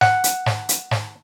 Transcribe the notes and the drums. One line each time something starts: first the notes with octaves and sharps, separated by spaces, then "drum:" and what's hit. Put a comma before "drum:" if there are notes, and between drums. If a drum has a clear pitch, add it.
F#5, drum: snare
drum: hi-hat
drum: snare
drum: hi-hat
drum: snare